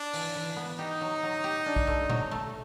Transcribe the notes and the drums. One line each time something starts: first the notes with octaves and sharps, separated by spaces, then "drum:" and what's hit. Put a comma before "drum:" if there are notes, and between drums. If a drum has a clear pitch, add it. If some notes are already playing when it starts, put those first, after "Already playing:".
Already playing: D4
E3, drum: open hi-hat
E3
B3
D#4 G4
F#3
F#3
G4
D4
drum: kick
A3
F#3, drum: tom A#2
A3